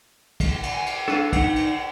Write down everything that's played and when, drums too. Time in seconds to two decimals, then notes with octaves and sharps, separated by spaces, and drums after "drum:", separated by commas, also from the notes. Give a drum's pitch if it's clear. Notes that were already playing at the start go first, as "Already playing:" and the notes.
0.40 drum: kick, cymbal
0.63 drum: cymbal
0.74 G#5
0.86 drum: cymbal
1.08 D4 A4 B4 F5, drum: rim click
1.33 D#4 F#5, drum: kick, cymbal
1.56 drum: cymbal